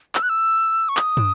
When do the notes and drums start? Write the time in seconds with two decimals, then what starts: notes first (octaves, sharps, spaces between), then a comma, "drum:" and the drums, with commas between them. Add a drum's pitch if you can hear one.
0.15 E6, drum: clap
0.23 F#6
0.29 E6
0.89 C#6
0.97 D#6, drum: clap
1.17 drum: tom